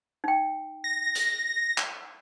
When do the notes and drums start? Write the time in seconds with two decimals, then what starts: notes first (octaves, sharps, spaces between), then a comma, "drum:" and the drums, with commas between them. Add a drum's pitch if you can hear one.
0.24 D#4 G5
0.84 A#6
1.15 drum: hi-hat
1.78 drum: clap